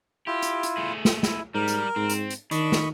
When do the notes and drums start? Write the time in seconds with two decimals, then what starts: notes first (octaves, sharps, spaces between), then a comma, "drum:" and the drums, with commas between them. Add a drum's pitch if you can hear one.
0.27 E4 F4 G4
0.42 drum: hi-hat
0.63 drum: hi-hat
0.77 A3 G#4
1.05 drum: snare
1.23 E4, drum: snare
1.54 G#2 G3 A#4
1.68 drum: hi-hat
1.96 G#2 C4
2.09 drum: hi-hat
2.30 drum: hi-hat
2.51 D#3 D4 D#5 B5 C#6, drum: hi-hat
2.72 drum: snare